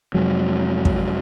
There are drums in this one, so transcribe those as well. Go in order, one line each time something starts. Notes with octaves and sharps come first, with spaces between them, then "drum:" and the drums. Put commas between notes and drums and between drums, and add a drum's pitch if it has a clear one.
F2 C3 F#3 G#3
drum: kick